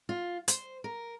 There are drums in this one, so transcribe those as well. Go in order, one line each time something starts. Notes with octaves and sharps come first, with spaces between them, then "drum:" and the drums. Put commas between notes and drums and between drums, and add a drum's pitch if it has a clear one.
F4
C5, drum: hi-hat
A#4